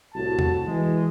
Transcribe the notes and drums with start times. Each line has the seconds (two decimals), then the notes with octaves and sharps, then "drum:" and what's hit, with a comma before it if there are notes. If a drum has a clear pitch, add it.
0.15 C2 A2 F#4 A5
0.39 drum: tom
0.66 E3 G#3